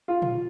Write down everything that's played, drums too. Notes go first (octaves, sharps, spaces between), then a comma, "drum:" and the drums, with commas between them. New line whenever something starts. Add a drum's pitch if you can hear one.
F4
drum: tom A#2